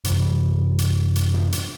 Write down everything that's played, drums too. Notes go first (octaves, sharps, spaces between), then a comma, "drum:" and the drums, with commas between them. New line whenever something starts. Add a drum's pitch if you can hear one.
F#2 C3 E3 G3, drum: hi-hat
drum: hi-hat
drum: hi-hat
drum: tom G2
drum: hi-hat